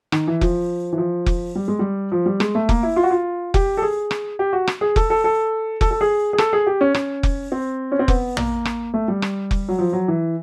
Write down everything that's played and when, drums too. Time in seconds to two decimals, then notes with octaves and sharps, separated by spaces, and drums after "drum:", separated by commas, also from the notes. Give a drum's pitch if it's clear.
0.12 D#3, drum: rim click
0.28 E3
0.41 F3, drum: kick F1
0.93 E3
0.98 F3
1.26 drum: kick F1
1.55 G3
1.68 G#3
1.79 G3
2.12 F3
2.26 G3
2.40 G#3, drum: rim click
2.55 A3
2.69 A#3, drum: kick F1
2.83 E4
2.96 F4
3.03 F#4
3.11 F4
3.54 G4, drum: kick F1
3.77 A4
3.82 G#4
4.11 drum: rim click
4.39 G4
4.53 F#4
4.67 drum: rim click
4.81 G#4
4.96 A4, drum: kick F1
5.10 A4
5.24 A4
5.81 A4, drum: kick F1
5.91 A4
6.01 G#4
6.33 G#4
6.38 A4, drum: rim click
6.53 G#4
6.67 G4
6.81 C#4
6.94 C#4, drum: rim click
7.23 drum: kick F1
7.52 C4
7.92 C#4
7.99 C4
8.08 B3, drum: kick F1
8.37 A#3, drum: tom
8.65 drum: rim click
8.94 A3
9.08 G3
9.22 drum: rim click
9.51 drum: kick F1
9.68 F#3
9.79 F3
9.93 F#3
10.08 E3